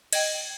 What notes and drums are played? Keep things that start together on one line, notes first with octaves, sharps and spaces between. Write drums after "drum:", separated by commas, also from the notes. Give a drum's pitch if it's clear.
D#5 G5 G#6, drum: cymbal